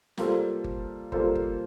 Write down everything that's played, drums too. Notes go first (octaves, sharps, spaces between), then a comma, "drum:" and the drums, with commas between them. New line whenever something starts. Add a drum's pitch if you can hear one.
G3 A#3 F4 A4 C5, drum: snare
drum: kick G1
G3 A#3 F4 A4 C5, drum: kick G1
drum: kick G1